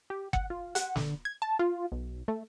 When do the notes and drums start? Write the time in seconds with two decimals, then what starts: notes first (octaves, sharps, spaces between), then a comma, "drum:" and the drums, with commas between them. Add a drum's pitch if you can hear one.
0.10 G4
0.33 F#5, drum: kick
0.50 F4
0.75 F#5, drum: hi-hat
0.96 D3, drum: snare
1.25 G#6
1.42 A5
1.59 F4
1.92 B1
2.28 A3